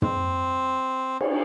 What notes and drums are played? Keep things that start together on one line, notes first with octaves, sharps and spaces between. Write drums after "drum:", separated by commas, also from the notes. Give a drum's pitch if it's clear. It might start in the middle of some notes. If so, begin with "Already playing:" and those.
C4, drum: tom
drum: cymbal